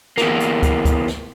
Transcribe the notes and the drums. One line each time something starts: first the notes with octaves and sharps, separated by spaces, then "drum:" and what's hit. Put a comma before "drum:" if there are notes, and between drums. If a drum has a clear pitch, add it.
E2 A#3, drum: snare
drum: hi-hat
drum: kick, hi-hat
drum: kick, hi-hat
drum: snare